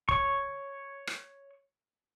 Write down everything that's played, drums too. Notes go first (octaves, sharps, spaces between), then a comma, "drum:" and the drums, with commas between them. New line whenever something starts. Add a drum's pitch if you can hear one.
C#5 C#6, drum: kick
drum: rim click